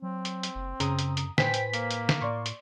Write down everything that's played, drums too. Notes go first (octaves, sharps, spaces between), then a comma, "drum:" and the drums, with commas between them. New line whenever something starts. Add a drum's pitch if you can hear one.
F#3 C4
drum: hi-hat
drum: hi-hat
F#1
F#2 C#3 A#5 D#6, drum: hi-hat
drum: hi-hat
drum: hi-hat
A2 B4 C5 G5 G#5 B6, drum: snare
drum: hi-hat
A#3, drum: hi-hat
drum: hi-hat
drum: snare
A2 D5 C6 C#6
drum: hi-hat